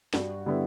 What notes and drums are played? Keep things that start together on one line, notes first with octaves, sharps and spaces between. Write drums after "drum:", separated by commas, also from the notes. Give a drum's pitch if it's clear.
G2 F#4, drum: snare
D3 G3 B3 E4